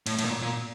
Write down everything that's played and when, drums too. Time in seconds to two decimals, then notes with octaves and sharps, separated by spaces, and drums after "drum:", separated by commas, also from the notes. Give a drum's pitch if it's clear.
0.06 A2, drum: cymbal
0.19 A2, drum: cymbal
0.25 A#2
0.42 A#2